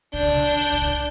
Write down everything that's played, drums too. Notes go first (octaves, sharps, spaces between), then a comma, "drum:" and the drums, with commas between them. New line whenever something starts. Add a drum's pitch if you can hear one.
D4 G6, drum: kick
drum: snare
drum: kick